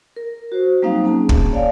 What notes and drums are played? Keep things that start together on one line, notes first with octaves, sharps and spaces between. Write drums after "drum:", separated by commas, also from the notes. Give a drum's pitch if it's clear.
A#4
F#4 C5
F#3 G3 A#3 C4 D#4 F5
A#3 C#4 G#4 A5
drum: kick
C#5 D5 F5 G#5